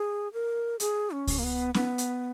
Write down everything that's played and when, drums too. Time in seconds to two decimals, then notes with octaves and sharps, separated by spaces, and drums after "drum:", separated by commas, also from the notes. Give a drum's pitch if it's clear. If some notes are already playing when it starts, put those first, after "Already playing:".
Already playing: G#4
0.33 A#4
0.80 G#4, drum: hi-hat
1.11 C#4
1.27 drum: kick C#2, open hi-hat
1.39 A#3
1.44 B3
1.74 B3, drum: snare C#4
1.98 drum: hi-hat